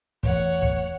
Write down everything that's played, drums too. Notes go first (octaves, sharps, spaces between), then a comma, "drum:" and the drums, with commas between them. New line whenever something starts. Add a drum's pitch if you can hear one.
E2 A3 C#5 F#5, drum: kick
drum: kick